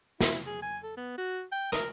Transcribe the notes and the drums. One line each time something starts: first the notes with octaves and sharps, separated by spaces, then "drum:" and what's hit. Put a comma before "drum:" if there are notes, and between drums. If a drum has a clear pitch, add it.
E4, drum: snare
G#4
G#5
A4
B3
F#4
G5
A#4, drum: rim click